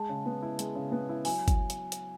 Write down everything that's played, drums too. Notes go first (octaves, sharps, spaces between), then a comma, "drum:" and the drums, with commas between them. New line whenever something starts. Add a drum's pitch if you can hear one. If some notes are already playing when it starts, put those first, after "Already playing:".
Already playing: G#3 A5
C#3
B3
E4
G#3, drum: hi-hat
C#3
B3
E4
F#3 G#5, drum: open hi-hat
drum: kick G1, hi-hat
drum: hi-hat
drum: hi-hat